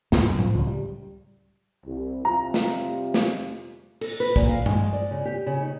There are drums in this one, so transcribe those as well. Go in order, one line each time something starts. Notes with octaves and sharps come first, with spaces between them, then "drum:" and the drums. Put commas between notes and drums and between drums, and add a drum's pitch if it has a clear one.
C#2 A2 A#3, drum: snare
B1 F#2 A#2
F3, drum: tom A2
C#2 F3
G3
C2
C3 G3 F4 A#5
drum: snare
drum: snare
A4, drum: cymbal
B4
A#2, drum: kick
F5
G#3, drum: tom G2
D5
C#3
G4
C#3
D#4